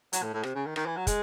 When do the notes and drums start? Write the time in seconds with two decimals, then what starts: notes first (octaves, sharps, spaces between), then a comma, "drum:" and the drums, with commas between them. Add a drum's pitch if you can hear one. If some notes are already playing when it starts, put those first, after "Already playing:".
0.13 F#3, drum: hi-hat
0.23 A2
0.33 A2
0.43 C3, drum: rim click
0.55 C#3
0.66 D#3
0.76 D#3, drum: rim click
0.86 E3
0.97 F#3
1.07 G#3, drum: kick, hi-hat